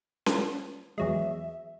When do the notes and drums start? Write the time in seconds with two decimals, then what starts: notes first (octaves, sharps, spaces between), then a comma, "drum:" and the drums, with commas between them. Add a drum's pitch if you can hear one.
0.26 drum: snare C#4
0.98 E2 F#3 G#3 E5